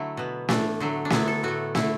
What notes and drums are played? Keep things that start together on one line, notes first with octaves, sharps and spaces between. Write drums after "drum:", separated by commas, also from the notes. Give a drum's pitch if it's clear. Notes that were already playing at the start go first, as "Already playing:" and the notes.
Already playing: D3 F#3 A3 E4
B2 B3
A2 E3 A3 D4, drum: snare
D3 F#3 A3
D4
D3 F#3 B3 E4, drum: snare
A4
A2 A3 F#4
D3 A3 E4, drum: snare